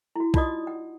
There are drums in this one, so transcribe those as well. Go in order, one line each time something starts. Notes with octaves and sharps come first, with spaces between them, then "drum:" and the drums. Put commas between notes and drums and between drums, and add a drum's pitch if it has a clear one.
E4 F#4
D#4 F4 F#4 D5 D#5 D#6, drum: kick
F#5